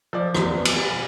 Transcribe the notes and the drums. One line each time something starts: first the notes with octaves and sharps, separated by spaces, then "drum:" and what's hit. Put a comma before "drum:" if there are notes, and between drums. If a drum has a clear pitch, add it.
F3 D5
E2, drum: rim click
B2
drum: cymbal
G3